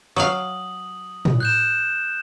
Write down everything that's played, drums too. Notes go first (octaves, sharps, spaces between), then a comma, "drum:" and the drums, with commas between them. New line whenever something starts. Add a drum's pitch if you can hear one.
F#3 F5 D#6 F#7
drum: tom A2
F#6 G6 E7